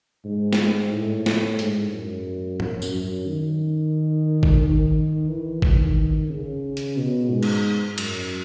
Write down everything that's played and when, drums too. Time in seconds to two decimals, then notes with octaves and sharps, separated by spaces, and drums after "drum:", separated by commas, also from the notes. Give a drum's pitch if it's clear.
0.25 G#2
0.53 drum: snare
0.91 A2
1.26 drum: snare
1.59 G#2, drum: hi-hat
1.93 F#2
2.60 F#2, drum: tom G#2
2.82 drum: tambourine
2.93 F#2
3.27 D#3
4.43 drum: kick
4.61 D#3
5.29 E3
5.62 D#3, drum: kick
6.30 C#3
6.77 drum: hi-hat
6.97 B2
7.30 G#2
7.43 drum: cymbal
7.98 F#2, drum: cymbal